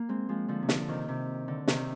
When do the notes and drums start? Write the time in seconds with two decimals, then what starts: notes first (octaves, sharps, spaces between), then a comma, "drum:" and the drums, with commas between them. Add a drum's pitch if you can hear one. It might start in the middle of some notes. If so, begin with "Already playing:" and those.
Already playing: A#3
0.09 G#3 C4
0.29 F3 G#3
0.48 D3 F3
0.62 C3
0.69 D3, drum: snare
0.88 C3 D#3
1.09 C3
1.48 D3
1.68 C3 D#3, drum: snare